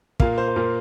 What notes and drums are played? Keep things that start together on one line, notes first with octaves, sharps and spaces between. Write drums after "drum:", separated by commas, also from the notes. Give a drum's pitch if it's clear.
A#2 A#3 F5, drum: kick
C5
C5
A#2 A#3 A#4